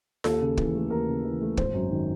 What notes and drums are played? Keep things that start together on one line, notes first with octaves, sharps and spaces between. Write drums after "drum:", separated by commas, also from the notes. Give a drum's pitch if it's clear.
D#2 A4, drum: snare F4
C#3
E3, drum: kick
A3
D#2 A#4
C#3
E3
A3
G#1 C5, drum: kick
F#2
D#3